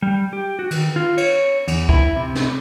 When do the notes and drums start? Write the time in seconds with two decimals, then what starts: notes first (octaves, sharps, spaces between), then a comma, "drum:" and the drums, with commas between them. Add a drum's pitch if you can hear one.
0.02 G3
0.33 G4
0.59 F#4
0.71 D#3, drum: cymbal
0.96 F4
1.18 C#5, drum: cymbal
1.68 E2, drum: cymbal
1.89 E4, drum: kick
2.16 C3
2.35 drum: snare